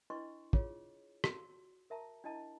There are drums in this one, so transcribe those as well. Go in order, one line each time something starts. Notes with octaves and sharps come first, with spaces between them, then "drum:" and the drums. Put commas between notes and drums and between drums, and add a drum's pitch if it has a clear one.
D4 E4 B4 D#5 C6 C#6
F4 G#4 C#5, drum: kick
F#4, drum: rim click
A#4 E5 A5 A#5
D4 E4 D#5 A5 A#5